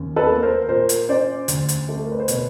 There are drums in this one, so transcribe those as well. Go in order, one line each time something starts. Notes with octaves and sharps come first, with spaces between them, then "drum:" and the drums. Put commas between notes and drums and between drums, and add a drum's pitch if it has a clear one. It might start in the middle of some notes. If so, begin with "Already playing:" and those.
Already playing: D#2 C#4
A4 B4
A#3
A#4 C5
A#2 A#4 C5
drum: hi-hat
C#4 C5 D5
D2, drum: hi-hat
drum: hi-hat
A3
A#4
B4
C5
B2 B4 C#5, drum: hi-hat